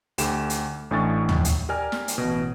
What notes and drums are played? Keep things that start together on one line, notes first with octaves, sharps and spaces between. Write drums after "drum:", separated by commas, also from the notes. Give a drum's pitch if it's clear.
D2 A3 G4 E7, drum: hi-hat
drum: hi-hat
A1 A2 D4 G#5 C#6 A6
drum: tom
drum: hi-hat
G4 A#4 D5 G#5 F6
drum: snare
drum: hi-hat
A1 B2